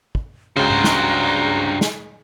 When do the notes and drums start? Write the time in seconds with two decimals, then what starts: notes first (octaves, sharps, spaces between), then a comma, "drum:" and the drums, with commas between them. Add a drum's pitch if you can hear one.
0.15 drum: kick
0.56 C#2 G2 C#3 F#4 C5 A#5
0.70 drum: tom G#2
0.84 drum: snare
1.81 drum: snare